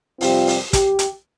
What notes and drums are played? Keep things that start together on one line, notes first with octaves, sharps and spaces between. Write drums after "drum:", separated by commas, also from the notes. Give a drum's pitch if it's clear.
F2 C3 G3 C4 F4, drum: open hi-hat
drum: open hi-hat
G4, drum: kick, hi-hat
drum: hi-hat